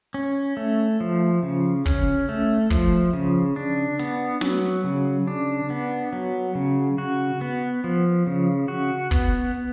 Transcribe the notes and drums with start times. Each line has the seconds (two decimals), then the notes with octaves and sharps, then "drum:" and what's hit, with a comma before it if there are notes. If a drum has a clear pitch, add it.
0.14 C#4
0.57 A3
1.01 F3
1.43 C#3
1.86 C#4, drum: kick
2.29 A3
2.70 F3, drum: kick
3.13 C#3
3.56 D4
3.99 B3, drum: hi-hat
4.41 F#3, drum: snare
4.84 C#3
5.27 D4
5.70 B3
6.13 F#3
6.55 C#3
6.98 F#4
7.41 B3
7.84 F3
8.27 C#3
8.68 F#4
9.11 B3, drum: kick